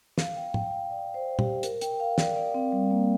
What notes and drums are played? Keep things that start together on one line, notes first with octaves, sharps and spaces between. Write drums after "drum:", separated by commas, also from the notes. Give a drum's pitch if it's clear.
F5, drum: snare
G5
G5, drum: tom A2
F5
D5
C5
G4, drum: tom
A#4, drum: hi-hat
G5, drum: hi-hat
F5
D5, drum: snare
D5
C4
G3
A#3